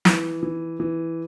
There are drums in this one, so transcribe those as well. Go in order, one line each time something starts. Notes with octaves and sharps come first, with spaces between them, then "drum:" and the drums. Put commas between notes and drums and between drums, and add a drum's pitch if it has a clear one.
E3, drum: snare
E3
E3